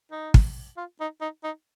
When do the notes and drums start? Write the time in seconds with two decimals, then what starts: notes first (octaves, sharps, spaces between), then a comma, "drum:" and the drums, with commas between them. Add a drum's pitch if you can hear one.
0.11 D#4
0.34 drum: kick
0.77 F4
1.00 D#4
1.21 D#4
1.44 D#4